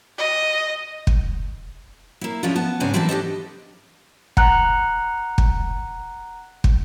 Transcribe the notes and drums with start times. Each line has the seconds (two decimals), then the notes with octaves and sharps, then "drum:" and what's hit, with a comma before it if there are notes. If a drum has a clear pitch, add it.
0.18 D#5
1.07 drum: kick
2.21 A#3 E4
2.43 F3 G#3 C#4 D4 E4 F4
2.56 B3 A5
2.80 G#2 C#3 C4 D4 C#5 G#5
2.94 E3 A#3 C4 E4 A4 A5
3.09 D4 G4 A4 D#5
4.37 F#5 A#5 F#6, drum: kick
5.38 drum: kick
6.64 drum: kick